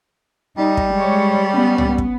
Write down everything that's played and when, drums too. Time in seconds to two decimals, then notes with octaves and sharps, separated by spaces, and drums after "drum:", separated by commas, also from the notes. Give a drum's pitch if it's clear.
0.57 G3 D#4
0.77 drum: kick
0.94 G#3 C#5
1.51 B3 C#4
1.78 drum: tom C2
1.87 B3
1.98 drum: kick